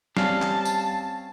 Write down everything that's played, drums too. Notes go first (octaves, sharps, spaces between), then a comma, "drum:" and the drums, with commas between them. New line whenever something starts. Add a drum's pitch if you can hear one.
G3 C4 C#4 D5 F5 A5, drum: snare
drum: clap
drum: tambourine